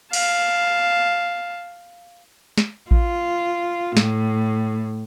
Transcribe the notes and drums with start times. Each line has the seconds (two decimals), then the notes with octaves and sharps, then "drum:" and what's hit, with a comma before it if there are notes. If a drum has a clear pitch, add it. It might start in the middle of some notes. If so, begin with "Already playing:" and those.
0.13 F5 A5, drum: cymbal
2.58 drum: snare
2.91 F4, drum: kick A1
3.97 A2, drum: snare